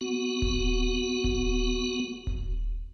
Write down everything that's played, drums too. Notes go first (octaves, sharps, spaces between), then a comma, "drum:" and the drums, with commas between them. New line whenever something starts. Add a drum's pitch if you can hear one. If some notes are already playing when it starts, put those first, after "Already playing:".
B3 F#4
drum: kick D#1
drum: kick D#1
drum: kick D#1